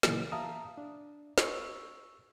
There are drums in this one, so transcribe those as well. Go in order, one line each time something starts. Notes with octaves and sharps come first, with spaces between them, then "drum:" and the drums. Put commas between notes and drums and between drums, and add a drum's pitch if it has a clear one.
A#2 C#3 E3 F#3 A#3 B3, drum: snare
E5 F5 A5 A#5 D#6
D4
C#6 E6, drum: snare